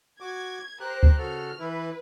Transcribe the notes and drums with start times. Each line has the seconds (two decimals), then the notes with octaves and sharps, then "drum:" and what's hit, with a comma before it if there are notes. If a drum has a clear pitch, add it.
0.20 F#4 D6 G#6
0.80 G4 A#4 C5 F#6
1.03 drum: kick D2
1.18 C#3 F#4 A4 F6
1.60 E3 E4 B4